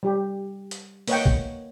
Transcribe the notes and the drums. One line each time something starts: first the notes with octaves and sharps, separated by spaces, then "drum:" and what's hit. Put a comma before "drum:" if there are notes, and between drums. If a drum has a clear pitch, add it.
G3 G4
drum: hi-hat
A#3 B4 C#5 D#5 F#5 G5, drum: open hi-hat
drum: kick B1